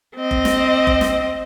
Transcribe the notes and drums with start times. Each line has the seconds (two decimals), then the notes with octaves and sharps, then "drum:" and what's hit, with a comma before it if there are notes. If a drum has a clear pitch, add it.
0.17 C4 D#5
0.31 drum: kick F#1
0.45 drum: snare
0.87 drum: kick F#1
1.01 drum: snare